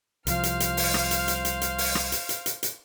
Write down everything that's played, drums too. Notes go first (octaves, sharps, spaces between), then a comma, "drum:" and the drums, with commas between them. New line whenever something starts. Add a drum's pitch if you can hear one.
C2 F3 C5 F5 F6, drum: hi-hat
drum: hi-hat
drum: hi-hat
drum: open hi-hat
drum: rim click
drum: hi-hat
drum: hi-hat
drum: hi-hat
drum: hi-hat
drum: open hi-hat
drum: rim click
drum: hi-hat
drum: hi-hat
drum: hi-hat
drum: hi-hat